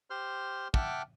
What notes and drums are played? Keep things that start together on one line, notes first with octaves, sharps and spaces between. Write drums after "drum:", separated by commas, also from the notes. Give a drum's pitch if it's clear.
G4 C5 C6 F6
E5 F#5 G5 A5 D6 F6, drum: kick